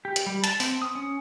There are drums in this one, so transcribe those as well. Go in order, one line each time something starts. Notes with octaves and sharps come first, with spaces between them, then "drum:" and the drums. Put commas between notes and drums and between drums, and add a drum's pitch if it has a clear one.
G4
drum: hi-hat
G3
A5, drum: hi-hat
C4, drum: open hi-hat
D#6
C#4